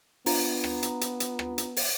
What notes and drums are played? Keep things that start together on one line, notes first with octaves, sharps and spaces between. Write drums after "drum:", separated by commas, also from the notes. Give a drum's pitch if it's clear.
B3 D4 F4 A#5, drum: open hi-hat
drum: rim click
drum: hi-hat
drum: hi-hat
drum: hi-hat
drum: rim click
drum: hi-hat
drum: open hi-hat